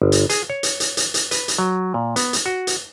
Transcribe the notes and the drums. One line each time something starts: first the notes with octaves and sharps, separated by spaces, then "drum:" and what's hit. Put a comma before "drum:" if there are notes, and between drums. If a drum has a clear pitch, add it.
G1
drum: hi-hat
G#4, drum: hi-hat
C#5
drum: hi-hat
drum: hi-hat
drum: hi-hat
drum: hi-hat
B4, drum: hi-hat
drum: hi-hat
F#3
A#2
B3, drum: hi-hat
drum: hi-hat
F#4
drum: hi-hat